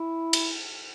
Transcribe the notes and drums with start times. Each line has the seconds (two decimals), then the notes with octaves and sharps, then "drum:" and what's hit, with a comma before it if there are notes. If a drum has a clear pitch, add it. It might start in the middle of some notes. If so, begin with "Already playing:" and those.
Already playing: E4
0.33 drum: cymbal